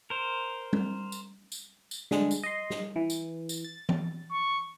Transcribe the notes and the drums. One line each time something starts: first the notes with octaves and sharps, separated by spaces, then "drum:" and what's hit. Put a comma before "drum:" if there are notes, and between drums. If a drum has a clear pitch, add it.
A#4 C5
drum: tom G3
drum: tambourine
drum: tambourine
drum: tambourine
D3 G#3, drum: snare
drum: tambourine
D#5 C6
drum: snare
E3
drum: tambourine
drum: tambourine
A6
drum: tom E3
C#6